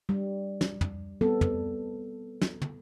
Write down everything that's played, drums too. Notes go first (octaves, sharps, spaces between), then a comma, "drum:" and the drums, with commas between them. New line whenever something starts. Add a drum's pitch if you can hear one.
G3
drum: snare
drum: tom
G3 B3 C4 A4
drum: tom
drum: snare
drum: tom